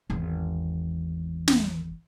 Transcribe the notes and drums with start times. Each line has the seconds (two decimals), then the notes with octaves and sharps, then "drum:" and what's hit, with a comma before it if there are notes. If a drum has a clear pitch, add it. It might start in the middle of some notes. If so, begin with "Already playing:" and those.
0.10 G#1 E2
1.48 drum: snare